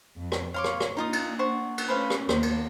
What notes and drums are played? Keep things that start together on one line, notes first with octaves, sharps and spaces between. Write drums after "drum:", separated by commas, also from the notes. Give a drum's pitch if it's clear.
F2
drum: rim click
C#5 F5 C6 D6
drum: rim click
drum: rim click
A#3 D4 D#4 F4 D#6
drum: cymbal
C5 F#5 C#6
drum: cymbal
A3 C#4 B4 C5 F5
drum: rim click
D#2 A#3 B3 C5, drum: rim click
drum: cymbal